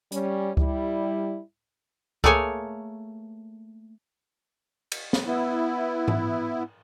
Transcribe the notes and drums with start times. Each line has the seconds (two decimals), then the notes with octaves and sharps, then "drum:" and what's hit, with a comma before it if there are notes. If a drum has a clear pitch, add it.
0.12 G3 C#4, drum: hi-hat
0.57 G3 E4, drum: kick C#2
2.24 A3 A#3 G#4 C#5 G#5, drum: kick C#2
4.92 drum: cymbal
5.13 drum: snare
5.27 B3 E4
6.08 drum: tom G#2